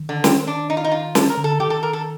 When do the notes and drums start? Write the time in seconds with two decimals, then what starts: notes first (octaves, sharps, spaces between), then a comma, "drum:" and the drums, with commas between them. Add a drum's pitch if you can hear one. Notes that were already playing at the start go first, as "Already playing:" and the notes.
Already playing: D#3
0.09 D3
0.24 C4, drum: snare
0.47 D4
0.70 D#4
0.77 F4
0.84 D#4
0.92 F4
1.15 A4, drum: snare
1.29 A#4
1.37 D3
1.44 A4
1.60 D#3 G4
1.70 A4
1.83 A#4
1.93 A4